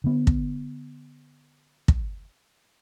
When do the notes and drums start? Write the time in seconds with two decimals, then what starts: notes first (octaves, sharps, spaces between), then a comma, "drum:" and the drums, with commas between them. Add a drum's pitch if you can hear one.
0.04 D3 B3
0.27 drum: kick
1.88 drum: kick